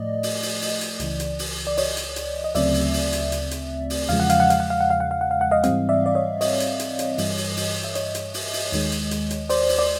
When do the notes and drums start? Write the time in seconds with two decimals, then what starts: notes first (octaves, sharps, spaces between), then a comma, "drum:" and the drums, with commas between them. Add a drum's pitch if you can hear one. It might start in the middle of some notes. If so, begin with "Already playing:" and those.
Already playing: A2 F3 A3 D5 D#5
0.23 drum: open hi-hat
0.42 drum: open hi-hat
0.62 drum: open hi-hat
0.81 drum: hi-hat
1.00 C#2 C#3 E3, drum: hi-hat
1.20 drum: hi-hat
1.39 drum: open hi-hat
1.67 D5
1.77 C#5 D#5, drum: open hi-hat
1.97 drum: hi-hat
2.16 drum: hi-hat
2.44 D#5
2.55 D2 C#3 F#3 A3 C4 D5 E5, drum: open hi-hat
2.74 drum: open hi-hat
2.93 drum: open hi-hat
3.13 drum: hi-hat
3.32 drum: hi-hat
3.51 drum: hi-hat
3.90 drum: open hi-hat
4.09 E2 C#3 F3 G#3 F5, drum: open hi-hat
4.20 F#5
4.30 F5, drum: hi-hat
4.40 F#5
4.50 F5, drum: hi-hat
4.60 F#5
4.70 F5
4.81 F#5
4.90 F5
5.00 F#5
5.11 F5
5.21 F#5
5.31 F5
5.41 F#5
5.51 D#5 F5
5.63 G#2 E3 G3 C4 D#5 F5, drum: hi-hat
5.89 D5 E5
6.06 D5
6.15 C#5 D#5
6.41 C#5 D#5, drum: open hi-hat
6.60 drum: hi-hat
6.80 drum: hi-hat
6.99 drum: hi-hat
7.18 G2 E3 G3, drum: open hi-hat
7.37 drum: open hi-hat
7.57 drum: open hi-hat
7.84 E5
7.95 C#5 D#5, drum: hi-hat
8.15 drum: hi-hat
8.34 drum: open hi-hat
8.53 drum: open hi-hat
8.72 D#2 D#3 G#3, drum: open hi-hat
8.92 drum: hi-hat
9.11 drum: hi-hat
9.30 drum: hi-hat
9.49 C5 D5, drum: open hi-hat
9.69 drum: open hi-hat
9.79 D5